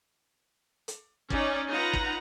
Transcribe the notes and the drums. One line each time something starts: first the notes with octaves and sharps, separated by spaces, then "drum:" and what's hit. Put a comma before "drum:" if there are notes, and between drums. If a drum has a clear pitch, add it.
drum: hi-hat
C#4 D#4 D5, drum: kick
D#4 F4 B4 F#5 A#5
drum: kick